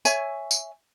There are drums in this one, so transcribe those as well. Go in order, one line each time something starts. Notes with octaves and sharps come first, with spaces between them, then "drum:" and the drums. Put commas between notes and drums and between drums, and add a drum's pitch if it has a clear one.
C#5 E5 G#5, drum: tambourine
drum: tambourine